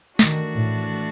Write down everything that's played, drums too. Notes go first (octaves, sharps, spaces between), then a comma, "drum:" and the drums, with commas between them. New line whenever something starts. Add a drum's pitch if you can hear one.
D#3 E3 A3 D4 F#4, drum: snare
A2